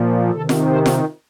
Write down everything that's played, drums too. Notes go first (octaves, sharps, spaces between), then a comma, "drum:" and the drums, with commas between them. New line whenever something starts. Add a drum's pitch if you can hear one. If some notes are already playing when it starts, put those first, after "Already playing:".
Already playing: A#2 F3
C3 D#3 A4
drum: snare F4
C5
drum: snare F4